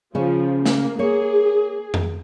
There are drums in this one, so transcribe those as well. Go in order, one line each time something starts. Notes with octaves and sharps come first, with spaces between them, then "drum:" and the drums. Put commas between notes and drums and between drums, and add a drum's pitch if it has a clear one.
C#3 F3 C#4
A#3, drum: snare
A#3 G#4 C#5
drum: tom F2